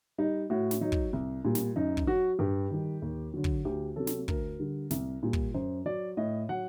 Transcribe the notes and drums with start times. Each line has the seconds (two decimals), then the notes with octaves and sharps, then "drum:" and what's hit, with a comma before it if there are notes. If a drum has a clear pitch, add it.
0.18 G3 D#4
0.50 A2 F#4
0.71 drum: snare
0.81 F#3 D#4
0.92 drum: kick
1.13 C2
1.44 A#2 G3
1.55 drum: snare
1.76 F#2 D#4
1.97 drum: kick
2.07 F#3 F#4
2.39 G2 G4
2.71 D#3 G3
3.02 D#2
3.34 D3 F#3
3.44 drum: kick
3.65 D2 G4
3.96 C3 F#3 A4
4.07 drum: snare
4.28 D2 A#4, drum: kick
4.59 D3 G3
4.91 C2, drum: snare
5.23 A#2 G3
5.33 drum: kick
5.54 F#2 C5
5.86 F#3 D5
6.17 A2 D#5
6.49 F#3 F#5